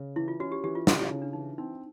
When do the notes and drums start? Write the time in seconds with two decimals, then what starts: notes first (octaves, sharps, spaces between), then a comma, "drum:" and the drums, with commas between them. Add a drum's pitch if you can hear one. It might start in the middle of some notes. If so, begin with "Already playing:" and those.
Already playing: C#3
0.16 E3 E4
0.28 F4
0.40 C#4 F#4
0.52 G4
0.63 E3 G4
0.75 F4
0.87 C#4 E4, drum: snare
0.99 E4
1.11 C#3 D#4
1.22 D4
1.33 E3 D#4
1.58 C4 D#4